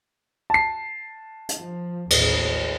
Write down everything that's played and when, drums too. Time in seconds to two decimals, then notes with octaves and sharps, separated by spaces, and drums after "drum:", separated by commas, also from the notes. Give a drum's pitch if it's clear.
0.50 A5 C7
1.49 drum: hi-hat
1.59 F3
2.10 A1 D#2, drum: cymbal